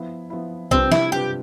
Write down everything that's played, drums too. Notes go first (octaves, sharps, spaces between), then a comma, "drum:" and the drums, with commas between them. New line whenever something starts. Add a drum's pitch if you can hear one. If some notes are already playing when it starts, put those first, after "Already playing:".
Already playing: F3 B3 E4
F3 B3 E4
C3 G3 C4 D4 F4 B4, drum: kick B1
E4, drum: snare
C3 G3 D4 F4 G4 B4